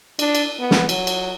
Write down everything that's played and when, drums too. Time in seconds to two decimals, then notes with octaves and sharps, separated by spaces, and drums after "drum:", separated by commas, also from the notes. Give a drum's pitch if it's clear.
0.19 D4, drum: cymbal
0.35 drum: cymbal
0.59 B3
0.71 drum: snare
0.89 F#3, drum: cymbal
1.07 drum: cymbal